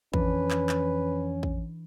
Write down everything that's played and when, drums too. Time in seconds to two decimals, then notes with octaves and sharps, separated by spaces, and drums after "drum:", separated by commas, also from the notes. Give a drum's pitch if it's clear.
0.14 F2 E3 C#4 D4 B4, drum: kick A1
0.51 drum: clap
0.69 drum: clap
1.43 drum: kick A1